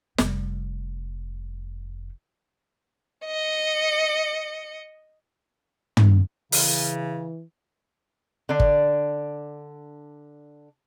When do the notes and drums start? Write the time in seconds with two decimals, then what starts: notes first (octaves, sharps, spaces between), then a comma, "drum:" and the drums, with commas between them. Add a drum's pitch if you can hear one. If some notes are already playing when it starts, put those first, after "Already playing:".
0.18 F1 G3, drum: snare
3.26 D#5 C#7
5.97 drum: tom
6.52 C#3 E3, drum: open hi-hat
8.49 D3 D4
8.60 drum: kick